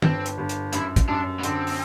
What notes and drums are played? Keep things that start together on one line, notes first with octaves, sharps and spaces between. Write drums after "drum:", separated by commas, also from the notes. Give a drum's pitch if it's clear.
G1 C4, drum: tom
drum: hi-hat
G1
drum: hi-hat
F#2 E4, drum: hi-hat
drum: kick, hi-hat
F#2 D4
B3
D3 C4, drum: hi-hat
drum: open hi-hat